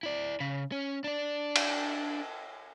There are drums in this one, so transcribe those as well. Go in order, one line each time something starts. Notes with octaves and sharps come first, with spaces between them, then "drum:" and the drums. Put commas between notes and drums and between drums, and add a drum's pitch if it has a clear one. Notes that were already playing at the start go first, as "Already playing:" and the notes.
E4 D5
C#3
C#4
D4 D5
drum: cymbal